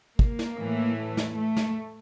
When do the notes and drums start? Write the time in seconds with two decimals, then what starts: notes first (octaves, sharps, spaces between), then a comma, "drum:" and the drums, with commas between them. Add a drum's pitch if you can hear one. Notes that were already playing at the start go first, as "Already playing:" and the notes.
0.19 A#3, drum: kick
0.39 drum: snare
0.58 A2 E3
0.98 A3
1.17 drum: snare
1.37 A3
1.56 drum: snare